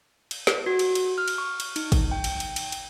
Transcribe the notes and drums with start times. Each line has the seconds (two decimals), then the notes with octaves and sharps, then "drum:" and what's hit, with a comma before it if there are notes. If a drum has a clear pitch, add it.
0.31 drum: cymbal
0.47 drum: snare
0.66 F#4
0.79 drum: cymbal
0.95 drum: cymbal
1.18 F6
1.28 drum: cymbal
1.38 C#6
1.60 drum: cymbal
1.76 D#4, drum: cymbal
1.92 drum: kick, cymbal
2.11 G5
2.24 drum: cymbal
2.40 drum: cymbal
2.56 drum: cymbal
2.72 drum: cymbal